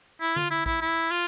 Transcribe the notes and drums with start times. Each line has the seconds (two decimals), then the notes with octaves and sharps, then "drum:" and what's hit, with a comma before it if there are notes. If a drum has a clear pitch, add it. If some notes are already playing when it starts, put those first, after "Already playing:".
0.21 E4
0.36 F4, drum: tom D3
0.51 E4
0.66 E4, drum: kick A#1
0.81 E4
1.11 F4